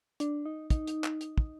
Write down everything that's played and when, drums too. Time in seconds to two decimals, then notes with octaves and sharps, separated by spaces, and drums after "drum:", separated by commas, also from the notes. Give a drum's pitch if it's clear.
0.20 D4, drum: hi-hat
0.46 D#4
0.70 D#4, drum: kick, hi-hat
0.87 drum: hi-hat
1.04 drum: clap
1.21 drum: hi-hat
1.38 drum: kick